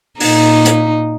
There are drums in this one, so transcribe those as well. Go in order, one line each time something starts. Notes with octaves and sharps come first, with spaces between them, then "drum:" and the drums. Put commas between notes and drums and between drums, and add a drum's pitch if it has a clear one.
A#2 D#4, drum: open hi-hat
drum: hi-hat